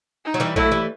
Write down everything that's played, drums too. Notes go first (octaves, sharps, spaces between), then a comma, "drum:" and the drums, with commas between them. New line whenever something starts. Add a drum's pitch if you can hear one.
D#4
F#3
E3 G3
F#3 A3 E4, drum: kick A#1
E3 G3